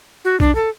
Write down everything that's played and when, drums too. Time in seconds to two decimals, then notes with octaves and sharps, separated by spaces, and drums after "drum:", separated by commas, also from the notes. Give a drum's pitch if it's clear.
0.25 F#4
0.40 D4, drum: kick B1
0.55 A4